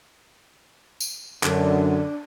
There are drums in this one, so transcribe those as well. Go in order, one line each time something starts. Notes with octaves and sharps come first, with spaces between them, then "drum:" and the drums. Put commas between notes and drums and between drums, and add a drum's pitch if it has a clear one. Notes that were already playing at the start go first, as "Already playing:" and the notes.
drum: tambourine
F#2 D3 D4, drum: clap